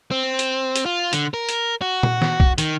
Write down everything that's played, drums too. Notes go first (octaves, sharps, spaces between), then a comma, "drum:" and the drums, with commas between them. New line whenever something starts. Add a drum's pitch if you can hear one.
C4
drum: hi-hat
drum: hi-hat
F4
D3, drum: hi-hat
A#4
drum: hi-hat
F#4
drum: tom A#2
drum: snare
drum: kick B1
D#3, drum: hi-hat